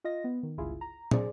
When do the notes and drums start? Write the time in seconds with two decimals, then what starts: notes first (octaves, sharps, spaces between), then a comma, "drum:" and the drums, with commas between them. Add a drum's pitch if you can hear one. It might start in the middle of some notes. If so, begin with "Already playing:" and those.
0.04 F4 D#5 A#6
0.24 B3
0.43 D#3
0.58 G1 C#2 E4 F4 G#4
0.81 A#5
1.11 G#4 C5 D5, drum: tom